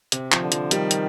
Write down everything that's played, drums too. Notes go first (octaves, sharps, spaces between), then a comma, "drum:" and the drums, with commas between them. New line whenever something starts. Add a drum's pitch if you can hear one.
C3, drum: hi-hat
F3, drum: clap
D3
F3, drum: hi-hat
D#3 G3, drum: hi-hat
drum: hi-hat